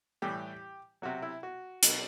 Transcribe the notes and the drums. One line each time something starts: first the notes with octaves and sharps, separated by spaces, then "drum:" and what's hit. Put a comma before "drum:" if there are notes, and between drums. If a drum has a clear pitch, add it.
A2 E3 G3 G4
C3 F#3 F#4
E4
F#4
B2 F#3, drum: hi-hat